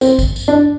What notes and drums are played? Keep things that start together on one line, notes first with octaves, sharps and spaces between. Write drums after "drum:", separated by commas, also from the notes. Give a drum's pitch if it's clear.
C4, drum: tambourine
drum: kick A1, tambourine
drum: tambourine
D4